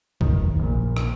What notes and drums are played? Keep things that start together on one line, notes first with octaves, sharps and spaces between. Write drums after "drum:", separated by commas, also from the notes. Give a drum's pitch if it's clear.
F#1 E2 D#3, drum: kick
A#1 A#2
drum: rim click